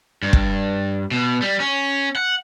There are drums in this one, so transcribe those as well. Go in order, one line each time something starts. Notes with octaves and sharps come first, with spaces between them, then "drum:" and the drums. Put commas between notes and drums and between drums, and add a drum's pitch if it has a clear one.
G2
drum: kick
B2
G3
C#4
F#5